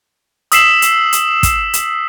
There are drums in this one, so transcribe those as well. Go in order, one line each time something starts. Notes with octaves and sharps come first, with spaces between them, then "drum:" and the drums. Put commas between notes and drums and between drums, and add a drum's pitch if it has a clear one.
D#6 E6 B6 C7 E7 F#7, drum: hi-hat
drum: hi-hat
drum: hi-hat
drum: kick, hi-hat
drum: hi-hat